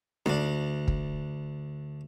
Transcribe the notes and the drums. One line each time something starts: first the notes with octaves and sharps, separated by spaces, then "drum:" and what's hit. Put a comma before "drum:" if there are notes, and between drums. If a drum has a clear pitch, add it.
D2 D4, drum: rim click
drum: kick